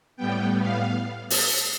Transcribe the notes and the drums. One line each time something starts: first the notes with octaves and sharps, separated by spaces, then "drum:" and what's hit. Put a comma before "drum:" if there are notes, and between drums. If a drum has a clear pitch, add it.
A2 G3 B3 G5
F5
drum: open hi-hat